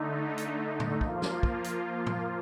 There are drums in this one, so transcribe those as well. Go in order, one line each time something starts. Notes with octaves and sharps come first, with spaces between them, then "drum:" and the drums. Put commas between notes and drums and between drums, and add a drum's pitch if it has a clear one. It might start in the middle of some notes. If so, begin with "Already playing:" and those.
Already playing: D3 A3 D#4
drum: hi-hat
drum: tom A2
F3 A#3 F4, drum: kick
drum: snare
drum: kick
drum: hi-hat
drum: tom A2